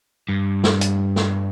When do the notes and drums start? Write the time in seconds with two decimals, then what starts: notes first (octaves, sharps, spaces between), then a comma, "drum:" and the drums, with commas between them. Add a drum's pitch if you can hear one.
0.29 G2
0.64 drum: snare
0.81 drum: hi-hat
1.16 drum: snare